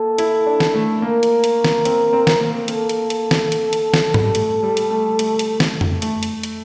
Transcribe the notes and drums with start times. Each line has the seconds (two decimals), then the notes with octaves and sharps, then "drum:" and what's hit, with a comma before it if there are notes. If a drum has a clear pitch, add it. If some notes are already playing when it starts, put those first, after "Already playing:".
Already playing: A#3 A4
0.18 E4, drum: hi-hat
0.46 D4
0.60 drum: snare
0.75 A3
1.02 A#3 A#4
1.23 drum: hi-hat
1.44 drum: hi-hat
1.64 drum: snare
1.85 C4, drum: hi-hat
2.13 C4
2.27 drum: snare
2.40 A#3
2.68 A#3 A4, drum: hi-hat
2.89 drum: hi-hat
3.10 drum: hi-hat
3.31 drum: snare
3.52 drum: hi-hat
3.73 drum: hi-hat
3.94 drum: snare
4.14 drum: tom G#2
4.24 G3
4.35 A3, drum: hi-hat
4.63 G3
4.77 drum: hi-hat
4.90 A3
5.19 A3, drum: hi-hat
5.39 drum: hi-hat
5.60 drum: snare
5.81 drum: tom F2
6.02 A3, drum: hi-hat
6.23 drum: hi-hat
6.43 drum: hi-hat